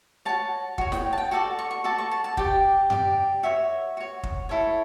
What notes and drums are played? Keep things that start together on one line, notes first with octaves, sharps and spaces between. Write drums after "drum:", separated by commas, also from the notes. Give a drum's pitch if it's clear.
F#4 C#5 A5
F#4 C#5, drum: kick
G5, drum: snare
A5
G5
F#4 A4 D5 A5
C#6
C#6
F#4 A4 D5 A5
C#6
A5
A5
G4 D5 G5, drum: kick
G4 D5, drum: tom F#2
F#4 C#5 E5
F#4 C#5
drum: kick
E4 A4 C#5